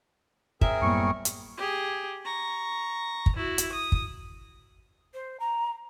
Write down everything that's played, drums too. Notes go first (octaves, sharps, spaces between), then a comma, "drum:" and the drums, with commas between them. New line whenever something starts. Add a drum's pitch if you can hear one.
C4 G#4 A#4 E5, drum: kick
F#2 A2 G3 A#3 B3 C#6
drum: hi-hat
G4 G#4
A#5 C#6
drum: kick
E4 F#4
drum: hi-hat
D#6
drum: kick
C5
A#5